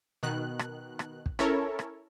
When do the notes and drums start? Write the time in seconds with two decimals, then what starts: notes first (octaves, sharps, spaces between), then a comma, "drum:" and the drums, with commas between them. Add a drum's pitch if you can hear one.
0.23 B2 D#3 F#6
0.59 drum: rim click
0.99 drum: rim click
1.26 drum: kick
1.39 C#4 E4 A4 A#4 C#5, drum: rim click
1.79 drum: rim click